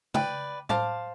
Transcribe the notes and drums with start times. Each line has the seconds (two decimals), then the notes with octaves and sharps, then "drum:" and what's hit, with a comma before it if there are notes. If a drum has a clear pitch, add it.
0.14 B4 D5 G5, drum: tom
0.69 C5 F5 A5 D6, drum: tom A2